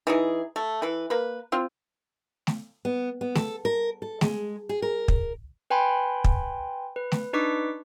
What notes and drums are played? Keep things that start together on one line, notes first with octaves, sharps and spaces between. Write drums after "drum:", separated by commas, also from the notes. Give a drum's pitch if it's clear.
E3 D#4 G#4
A3
E3 B4
A#3 B4
C4 F4
drum: snare A3
B3
B3
A4, drum: snare A3
A#4
A4
G#3, drum: snare A3
G#4
A#4
drum: kick
B4 G5 G#5 B5 C6
drum: kick
B4
drum: snare A3
D4 D#4 B4 C#6 D6 B6